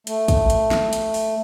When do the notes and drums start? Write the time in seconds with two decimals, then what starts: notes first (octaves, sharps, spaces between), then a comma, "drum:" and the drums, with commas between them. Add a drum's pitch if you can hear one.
0.07 A3, drum: hi-hat
0.28 drum: kick, hi-hat
0.50 drum: hi-hat
0.71 drum: snare
0.93 drum: hi-hat
1.14 drum: open hi-hat